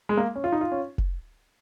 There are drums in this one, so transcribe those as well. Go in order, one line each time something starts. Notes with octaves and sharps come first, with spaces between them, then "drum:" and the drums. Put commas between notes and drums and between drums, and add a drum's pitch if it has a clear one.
G#3
A#3
C#4
F4
D#4
F4
C#4
drum: kick F1